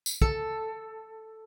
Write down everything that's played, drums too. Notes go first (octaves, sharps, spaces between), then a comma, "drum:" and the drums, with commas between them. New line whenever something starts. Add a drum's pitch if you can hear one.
drum: tambourine
A4, drum: kick